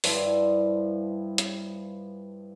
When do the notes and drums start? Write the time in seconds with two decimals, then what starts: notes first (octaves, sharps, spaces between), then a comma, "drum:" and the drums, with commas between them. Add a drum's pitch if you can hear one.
0.04 G2 F3 E4, drum: open hi-hat
1.38 drum: hi-hat